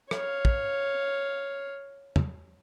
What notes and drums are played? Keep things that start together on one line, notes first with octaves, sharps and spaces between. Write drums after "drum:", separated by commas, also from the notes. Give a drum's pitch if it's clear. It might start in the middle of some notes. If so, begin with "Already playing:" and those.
C#5 F5, drum: rim click
drum: kick
drum: tom